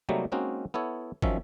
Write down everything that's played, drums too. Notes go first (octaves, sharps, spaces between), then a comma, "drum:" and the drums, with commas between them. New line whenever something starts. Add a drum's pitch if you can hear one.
C3 F#3 G3 A3 A#3 D#4
G#3 A#3 C4 C#4 D#4 F#4
B3 E4 A4 C#5
D#3 F3 F#3 C#4 E5, drum: kick